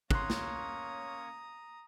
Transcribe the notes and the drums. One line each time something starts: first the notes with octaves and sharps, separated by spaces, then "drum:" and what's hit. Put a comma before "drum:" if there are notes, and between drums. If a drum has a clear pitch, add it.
A#3 C#4 C#5 A#5 C6 D#6 F#6, drum: kick
drum: snare